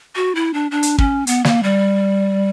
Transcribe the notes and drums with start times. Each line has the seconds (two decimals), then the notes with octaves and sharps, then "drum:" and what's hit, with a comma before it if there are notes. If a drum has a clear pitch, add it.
0.16 F#4
0.35 E4
0.54 D4
0.71 D4
0.83 drum: hi-hat
0.98 C#4, drum: kick
1.27 B3, drum: hi-hat
1.44 A#3, drum: snare
1.63 G3